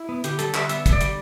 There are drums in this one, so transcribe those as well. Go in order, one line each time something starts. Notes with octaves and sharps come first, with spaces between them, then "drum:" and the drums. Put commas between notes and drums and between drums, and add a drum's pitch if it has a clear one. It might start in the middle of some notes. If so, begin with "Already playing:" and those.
Already playing: E4
B3
D3 G4, drum: hi-hat
G3 A4, drum: hi-hat
D3 E5, drum: clap
B3 E5, drum: hi-hat
D3, drum: kick, hi-hat
D5
G3, drum: hi-hat